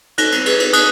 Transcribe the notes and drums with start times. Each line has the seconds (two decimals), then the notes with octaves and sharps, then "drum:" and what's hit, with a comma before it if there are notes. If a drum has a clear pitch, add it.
0.18 D#4 F#6 A#6, drum: cymbal
0.32 drum: cymbal
0.46 G#4 B4, drum: cymbal
0.60 drum: cymbal
0.73 D#4 D#6 F#6, drum: cymbal